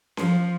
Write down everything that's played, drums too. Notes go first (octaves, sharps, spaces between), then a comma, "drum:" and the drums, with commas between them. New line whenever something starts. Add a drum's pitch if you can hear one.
F3, drum: snare C#4